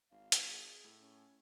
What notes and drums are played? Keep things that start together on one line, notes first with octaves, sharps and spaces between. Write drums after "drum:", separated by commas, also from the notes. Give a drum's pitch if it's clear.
G#1 F5
drum: hi-hat
G#4
A2
C#4